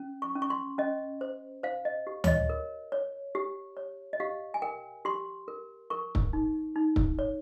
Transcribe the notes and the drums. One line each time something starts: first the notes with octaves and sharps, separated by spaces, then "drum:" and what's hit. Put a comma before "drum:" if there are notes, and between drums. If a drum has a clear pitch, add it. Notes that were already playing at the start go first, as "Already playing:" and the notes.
Already playing: C#4
C#6
C#4
C#6
C6
C#4 D#5
C5
C5 F5
D#5
G4
C#5, drum: tom D2
D#5
A#4
C#5
G4
C#5
D#5
G4 F5
G#5
A#4 G5
G4 C6
A#4
A#4 C#6
drum: kick
D#4
D#4
drum: kick
C#5